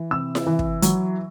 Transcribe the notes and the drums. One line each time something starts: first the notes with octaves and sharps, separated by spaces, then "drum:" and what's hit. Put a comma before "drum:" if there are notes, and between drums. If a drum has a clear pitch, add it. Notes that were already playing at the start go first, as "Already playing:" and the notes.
Already playing: E3
C3 E6
drum: snare E4
E3
drum: kick
F#3, drum: hi-hat